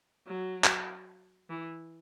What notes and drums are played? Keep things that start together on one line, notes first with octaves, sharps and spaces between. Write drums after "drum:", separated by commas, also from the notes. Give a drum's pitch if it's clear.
F#3
drum: clap
E3